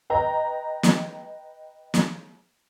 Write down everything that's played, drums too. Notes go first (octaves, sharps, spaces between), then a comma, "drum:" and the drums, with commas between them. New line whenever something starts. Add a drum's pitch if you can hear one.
B4 D#5 G5 A#5
drum: snare
drum: snare